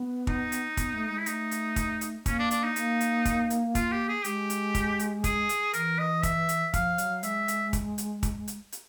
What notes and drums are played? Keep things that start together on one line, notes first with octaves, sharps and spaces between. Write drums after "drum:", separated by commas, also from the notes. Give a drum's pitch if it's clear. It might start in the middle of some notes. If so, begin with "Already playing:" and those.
Already playing: B3
D#4, drum: kick
drum: hi-hat
B3, drum: kick, hi-hat
A3
G#3
E4
A3 D#4, drum: hi-hat
drum: hi-hat
drum: kick, hi-hat
drum: hi-hat
A#3 C#4, drum: kick, hi-hat
D4
D4, drum: hi-hat
D#4
A#3, drum: hi-hat
drum: hi-hat
drum: kick, hi-hat
drum: hi-hat
F4, drum: kick, hi-hat
G4
G#4
G#3 G4, drum: hi-hat
drum: hi-hat
drum: kick, hi-hat
drum: hi-hat
G#4, drum: kick, hi-hat
drum: hi-hat
E3 A#4, drum: hi-hat
D#5
E5, drum: kick, hi-hat
drum: hi-hat
F3 F5, drum: kick, hi-hat
F#3, drum: hi-hat
G#3 E5, drum: hi-hat
drum: hi-hat
drum: kick, hi-hat
drum: hi-hat
drum: kick, hi-hat
drum: hi-hat
drum: hi-hat